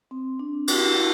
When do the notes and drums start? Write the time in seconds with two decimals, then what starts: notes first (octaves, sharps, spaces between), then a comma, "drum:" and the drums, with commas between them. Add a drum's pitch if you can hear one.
0.11 C4
0.39 D4
0.68 E4 F#4, drum: cymbal
0.96 E4 F#4